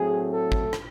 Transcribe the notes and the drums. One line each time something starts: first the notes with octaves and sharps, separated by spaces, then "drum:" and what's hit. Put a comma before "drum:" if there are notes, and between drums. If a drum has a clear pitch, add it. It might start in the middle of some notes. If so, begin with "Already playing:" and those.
Already playing: A2 F#3 A3 C4 G#4
A4
drum: kick
drum: rim click